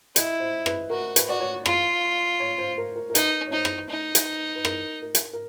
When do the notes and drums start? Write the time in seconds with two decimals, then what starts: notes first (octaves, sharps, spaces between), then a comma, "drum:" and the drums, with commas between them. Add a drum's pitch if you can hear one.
0.16 E4 D#5, drum: hi-hat
0.40 C5
0.66 B4, drum: rim click
0.90 F#4 A#4
1.16 B4, drum: hi-hat
1.28 F#4 D5
1.40 C#5
1.66 F4, drum: rim click
2.40 C#5
2.58 C5
2.78 A#4
2.96 A#4
3.10 A#4
3.15 D#4 B4, drum: hi-hat
3.47 C#5
3.52 D#4 C5
3.65 drum: rim click
3.90 D#4
4.15 drum: hi-hat
4.56 B4
4.65 A#4, drum: rim click
5.02 A#4
5.15 drum: hi-hat
5.33 A#4